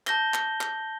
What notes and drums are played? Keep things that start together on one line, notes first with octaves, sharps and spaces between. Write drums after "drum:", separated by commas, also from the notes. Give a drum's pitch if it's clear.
A5 G6 A#6 G7, drum: clap
drum: clap
drum: clap